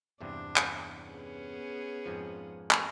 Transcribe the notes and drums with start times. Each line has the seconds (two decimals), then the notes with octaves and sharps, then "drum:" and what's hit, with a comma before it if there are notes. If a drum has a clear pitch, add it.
0.21 E2 G2 C3 D4
0.56 drum: clap
1.06 B3 C#4 G#4
2.05 F2 G#2 F3
2.71 drum: clap